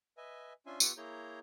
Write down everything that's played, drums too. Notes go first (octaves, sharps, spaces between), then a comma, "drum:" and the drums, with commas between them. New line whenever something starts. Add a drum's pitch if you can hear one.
B4 D#5 E5 G#5
C#4 D4 F4 E5 G#5 C6
B3 F4 G4 F#5 C#6 E6, drum: tambourine
A#3 E4 G#4 C#5 A#5 G6